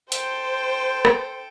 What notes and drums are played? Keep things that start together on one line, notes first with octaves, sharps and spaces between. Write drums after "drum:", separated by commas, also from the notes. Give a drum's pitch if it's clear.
A4 C5 G5, drum: hi-hat
drum: rim click